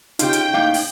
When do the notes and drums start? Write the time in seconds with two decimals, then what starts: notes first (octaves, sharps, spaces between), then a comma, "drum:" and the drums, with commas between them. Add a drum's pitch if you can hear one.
0.19 C#3 D#4 F4 G4 G5, drum: hi-hat
0.33 drum: hi-hat
0.54 A2 A#3 D#4 F5
0.74 drum: open hi-hat